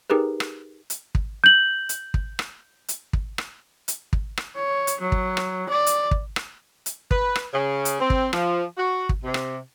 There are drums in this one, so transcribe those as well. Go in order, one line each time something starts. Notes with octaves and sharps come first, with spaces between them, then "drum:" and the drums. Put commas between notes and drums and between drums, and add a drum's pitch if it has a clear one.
D#4 G4 G#4 A#4 B4
drum: rim click
drum: hi-hat
drum: kick
G6 F#7
drum: hi-hat
drum: kick
drum: rim click
drum: hi-hat
drum: kick
drum: rim click
drum: hi-hat
drum: kick
drum: rim click
C#5
drum: hi-hat
F#3
drum: kick
drum: rim click
D5
drum: hi-hat
drum: kick
drum: rim click
drum: hi-hat
B4, drum: kick
drum: rim click
C#3
drum: hi-hat
C4
drum: kick
F3, drum: rim click
F#4
drum: kick
C3
drum: rim click